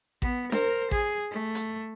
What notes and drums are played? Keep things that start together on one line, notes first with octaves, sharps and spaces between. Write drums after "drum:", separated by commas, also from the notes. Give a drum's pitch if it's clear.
B3, drum: kick A1
A#4 C5, drum: snare D4
G#4, drum: kick A1
A3
drum: hi-hat